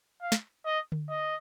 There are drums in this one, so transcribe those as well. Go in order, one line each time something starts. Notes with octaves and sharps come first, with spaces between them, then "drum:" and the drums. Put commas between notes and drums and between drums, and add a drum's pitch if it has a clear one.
F5
drum: snare
D#5
drum: tom D3
D#5